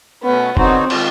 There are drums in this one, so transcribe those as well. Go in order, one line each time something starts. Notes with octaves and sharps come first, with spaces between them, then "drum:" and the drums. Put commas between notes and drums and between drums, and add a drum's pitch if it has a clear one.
B2 F#3 A3 B3 C#4
D3 F#3 B3 C4 D#4 F#4, drum: kick F1
D#3 G#3 C4 F4, drum: cymbal